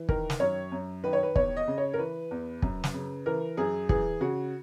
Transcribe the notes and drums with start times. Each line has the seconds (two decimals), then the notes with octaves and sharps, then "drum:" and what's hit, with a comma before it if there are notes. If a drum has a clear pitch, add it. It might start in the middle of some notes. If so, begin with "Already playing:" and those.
Already playing: E3
0.09 D#3 A#4, drum: kick
0.30 drum: snare
0.40 F#2 C#5
0.72 F#2
1.04 D#3 B4
1.13 C#5
1.23 B4
1.36 E2 C#5, drum: kick
1.57 D#5
1.68 C#3
1.78 C#5
1.94 A#4
1.99 E3 B4
2.31 E2
2.62 F#2, drum: kick
2.84 drum: snare
2.94 C#3
3.26 E3 A#4
3.57 F#2 G#4
3.89 E3 G#4, drum: kick
4.21 C#3 F#4